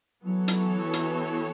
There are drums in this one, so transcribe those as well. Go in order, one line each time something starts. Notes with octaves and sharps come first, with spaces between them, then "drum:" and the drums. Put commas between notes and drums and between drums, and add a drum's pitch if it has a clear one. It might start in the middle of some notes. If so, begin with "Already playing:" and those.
E3 F#3 B3 F#4 A4 C#5
drum: hi-hat
drum: hi-hat